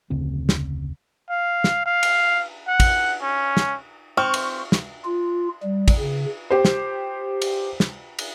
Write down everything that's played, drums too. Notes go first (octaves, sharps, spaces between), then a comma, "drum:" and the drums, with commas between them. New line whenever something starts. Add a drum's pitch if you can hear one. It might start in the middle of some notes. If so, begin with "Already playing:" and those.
F1 D2 C#3 C4
drum: snare
F5
drum: snare
F5
drum: cymbal
F#5
drum: kick, cymbal
C#4
drum: snare
C4 C#6 F6
drum: cymbal
drum: snare
F4
G3
drum: kick, cymbal
C#3
G4 C5
drum: snare
drum: cymbal
drum: snare
drum: cymbal